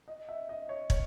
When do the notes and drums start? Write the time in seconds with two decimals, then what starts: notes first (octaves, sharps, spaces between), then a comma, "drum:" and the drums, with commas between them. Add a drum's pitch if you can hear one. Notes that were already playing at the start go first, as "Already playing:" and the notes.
0.08 D#5
0.29 E5
0.49 D#5
0.69 C#5
0.90 C#5, drum: kick